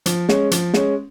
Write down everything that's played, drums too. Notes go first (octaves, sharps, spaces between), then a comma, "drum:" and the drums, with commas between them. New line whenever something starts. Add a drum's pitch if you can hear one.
F3, drum: hi-hat
G#3 C#4, drum: snare
F3, drum: hi-hat
G#3 C#4, drum: snare